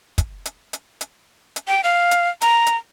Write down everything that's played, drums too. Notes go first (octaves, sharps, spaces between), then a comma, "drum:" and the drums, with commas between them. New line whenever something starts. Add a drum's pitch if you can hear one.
drum: kick, hi-hat
drum: hi-hat
drum: hi-hat
drum: hi-hat
drum: hi-hat
G5
F5
drum: hi-hat
A#5, drum: hi-hat
drum: hi-hat